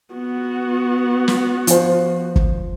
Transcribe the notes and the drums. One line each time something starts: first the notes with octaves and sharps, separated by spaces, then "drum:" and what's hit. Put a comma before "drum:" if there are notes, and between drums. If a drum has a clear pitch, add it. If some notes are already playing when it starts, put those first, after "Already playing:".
B3 F#4
drum: snare
F3 C5, drum: hi-hat
drum: kick G1